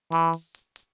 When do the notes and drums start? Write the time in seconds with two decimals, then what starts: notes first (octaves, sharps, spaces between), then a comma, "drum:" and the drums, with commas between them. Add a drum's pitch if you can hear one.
0.12 E3, drum: hi-hat
0.33 drum: open hi-hat
0.55 drum: hi-hat
0.76 drum: hi-hat